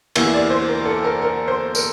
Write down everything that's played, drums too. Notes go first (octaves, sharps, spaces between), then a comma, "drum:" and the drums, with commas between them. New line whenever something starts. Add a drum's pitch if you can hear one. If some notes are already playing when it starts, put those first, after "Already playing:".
E2 E3 A#3 E5, drum: cymbal
D5
C5
A#4
A4
A#4
A#4
C5
A#4, drum: tambourine